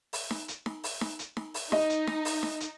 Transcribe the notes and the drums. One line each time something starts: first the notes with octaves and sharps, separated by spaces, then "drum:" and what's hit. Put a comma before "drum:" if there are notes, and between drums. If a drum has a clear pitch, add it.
drum: open hi-hat
drum: snare D#4
drum: hi-hat
drum: snare D#4
drum: open hi-hat
drum: snare D#4
drum: hi-hat
drum: snare D#4
drum: open hi-hat
D#4 D#5, drum: snare D#4
drum: hi-hat
drum: snare D#4
drum: open hi-hat
drum: snare D#4
drum: hi-hat